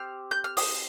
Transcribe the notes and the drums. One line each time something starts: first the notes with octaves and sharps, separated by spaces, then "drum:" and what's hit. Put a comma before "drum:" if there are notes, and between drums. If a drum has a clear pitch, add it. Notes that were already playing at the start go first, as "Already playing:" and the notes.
Already playing: C4 G4 F6
G6
F6
D#6, drum: open hi-hat